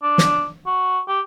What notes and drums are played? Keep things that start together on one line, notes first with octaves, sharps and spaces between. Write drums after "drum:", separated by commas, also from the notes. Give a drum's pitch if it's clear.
D4
drum: snare
F#4
G4